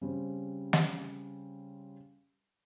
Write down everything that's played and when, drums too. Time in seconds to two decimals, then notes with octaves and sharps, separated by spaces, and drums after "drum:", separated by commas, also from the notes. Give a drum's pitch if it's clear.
0.01 C#3 G3 C4
0.73 drum: snare